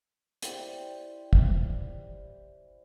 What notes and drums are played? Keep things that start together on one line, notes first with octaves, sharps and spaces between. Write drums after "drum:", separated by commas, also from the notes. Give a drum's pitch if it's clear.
E4 G4 C5 D5, drum: hi-hat
drum: kick